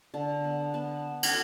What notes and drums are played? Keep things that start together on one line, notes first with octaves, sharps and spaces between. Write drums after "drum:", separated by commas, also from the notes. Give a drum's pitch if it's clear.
D3 A5
B3
B3 A5
drum: cymbal